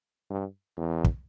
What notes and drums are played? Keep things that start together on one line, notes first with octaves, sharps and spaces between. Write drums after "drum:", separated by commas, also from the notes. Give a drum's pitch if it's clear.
G2
E2
drum: kick